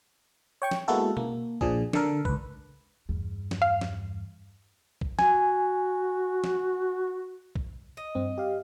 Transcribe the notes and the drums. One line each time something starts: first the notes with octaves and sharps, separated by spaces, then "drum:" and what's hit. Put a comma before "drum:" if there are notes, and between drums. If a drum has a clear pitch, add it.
C#5 G5 C#6
drum: snare
G#3 A#3 B3 E4 F#4 A4
A#3, drum: tom B2
A#2 F3 D4 G#4, drum: kick B1
D3 D4 A4 A#4, drum: snare
C#2 B4, drum: kick B1
E2 G2
drum: snare
F5
drum: snare
drum: kick B1
F#4 G#5, drum: snare
drum: snare
drum: kick B1
D#5
G2 C4
G4 F5